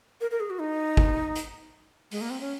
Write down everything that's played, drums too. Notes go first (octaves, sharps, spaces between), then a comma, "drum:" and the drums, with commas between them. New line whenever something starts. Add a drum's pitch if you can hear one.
A#4
A#4
G#4
F#4
D#4
drum: kick
drum: hi-hat
G#3, drum: open hi-hat
A#3
C4
C#4